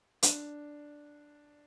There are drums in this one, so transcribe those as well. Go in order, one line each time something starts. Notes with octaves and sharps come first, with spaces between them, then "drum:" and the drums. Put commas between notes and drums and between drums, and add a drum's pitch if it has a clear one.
D4, drum: hi-hat